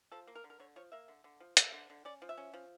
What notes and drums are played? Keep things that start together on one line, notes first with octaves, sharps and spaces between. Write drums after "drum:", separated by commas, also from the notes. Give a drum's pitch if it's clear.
F3 A4
A#3
A#4
D3
A#4
D3 C#5
F3 C#5
A#3 E5
D3
D3
F3
A#3 E5, drum: hi-hat
D3
D3
C#4 D5
F3
E5
C#4
F3